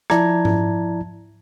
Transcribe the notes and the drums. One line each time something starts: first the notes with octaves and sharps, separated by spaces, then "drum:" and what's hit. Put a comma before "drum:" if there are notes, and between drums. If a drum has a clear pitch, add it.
F3 E4 D5 A5 A#5 G#6, drum: rim click
drum: tom G#2